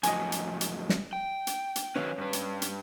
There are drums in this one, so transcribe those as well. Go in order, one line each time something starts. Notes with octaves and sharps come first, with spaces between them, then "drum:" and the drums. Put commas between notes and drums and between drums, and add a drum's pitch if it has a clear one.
F2 A2 F#3 D#5 G#5, drum: hi-hat
drum: hi-hat
drum: hi-hat
drum: snare
G5
drum: hi-hat
drum: hi-hat
D#3 F#3 C#4 B4 C#5 F5
G2 B4
drum: hi-hat
drum: hi-hat